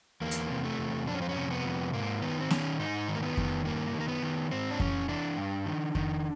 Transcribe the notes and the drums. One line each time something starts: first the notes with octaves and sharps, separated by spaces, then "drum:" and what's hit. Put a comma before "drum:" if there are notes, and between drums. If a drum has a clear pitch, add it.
E2 A#3
drum: hi-hat
C3
A3
E2
F2 D4
C#4
C4
C#4
C3
B3
F2
G#2 A#3
D#3 B3
C4
D#3 C#4, drum: snare B3
G#2 D#4
D#3
A#3
B3
D#3, drum: kick F2
G2 A#3
D#3
A#3
B3
D#3
G#2 C4
D4
E3 C#4, drum: kick F2
E3 D4
G2
D#3
D#3, drum: kick F2